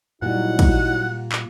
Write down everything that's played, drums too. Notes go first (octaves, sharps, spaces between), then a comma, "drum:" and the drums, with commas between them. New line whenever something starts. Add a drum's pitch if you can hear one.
A#2 F#3 G3 D#4 E4 F#4 F#5
drum: kick, cymbal
drum: clap